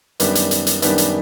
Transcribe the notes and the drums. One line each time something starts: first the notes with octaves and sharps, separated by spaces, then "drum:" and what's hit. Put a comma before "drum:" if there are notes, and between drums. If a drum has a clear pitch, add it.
F#2 D#3 G3 B3 D4, drum: hi-hat
drum: hi-hat
drum: hi-hat
drum: hi-hat
F#2 D#3 G3 B3 D4, drum: hi-hat
drum: hi-hat